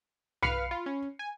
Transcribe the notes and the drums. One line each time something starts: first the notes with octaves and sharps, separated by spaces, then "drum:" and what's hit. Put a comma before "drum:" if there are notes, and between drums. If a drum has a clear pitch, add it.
B4 F5 B5 F6 C7 C#7, drum: tom
F4
C#4
G#5